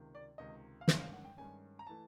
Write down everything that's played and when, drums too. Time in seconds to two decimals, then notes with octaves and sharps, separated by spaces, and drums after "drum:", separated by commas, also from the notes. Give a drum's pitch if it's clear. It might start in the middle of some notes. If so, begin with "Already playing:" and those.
Already playing: C#2 C3 D#3
0.15 D5
0.38 C#2 C3 D#3 D#5
0.81 F5
0.88 G2 D#3 G#3 C#4 E5, drum: snare
1.00 F5
1.13 F#5
1.25 G5
1.37 G2 D#3 G#3 C#4 G#5
1.79 A#5
1.87 E3 A3 A5